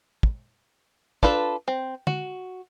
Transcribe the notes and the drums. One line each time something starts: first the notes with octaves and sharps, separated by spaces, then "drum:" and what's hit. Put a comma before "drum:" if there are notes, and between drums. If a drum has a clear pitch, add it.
drum: kick
D4 F4 A4 B4, drum: kick
C4
F#4, drum: tom D3